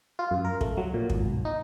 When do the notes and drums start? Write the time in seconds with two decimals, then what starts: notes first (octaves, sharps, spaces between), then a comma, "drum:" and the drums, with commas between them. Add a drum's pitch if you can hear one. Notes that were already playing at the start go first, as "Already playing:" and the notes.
0.19 F4
0.31 F#2
0.45 A#4
0.61 A3, drum: kick
0.77 F#3
0.94 A#2
1.10 G#1, drum: kick
1.25 B1
1.45 D#4